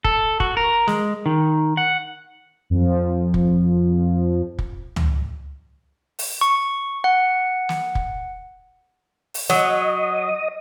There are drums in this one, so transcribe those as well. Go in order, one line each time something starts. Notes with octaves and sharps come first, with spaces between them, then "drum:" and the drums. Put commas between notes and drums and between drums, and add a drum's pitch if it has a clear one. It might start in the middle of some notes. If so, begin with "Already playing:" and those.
A4, drum: kick
F#4, drum: kick
A#4
G#3, drum: snare
D#3
F#5
F2 F3
drum: kick
drum: kick
drum: tom C#2
drum: open hi-hat
C#6
F#5
drum: snare
drum: kick
drum: open hi-hat
F#3 D#5, drum: snare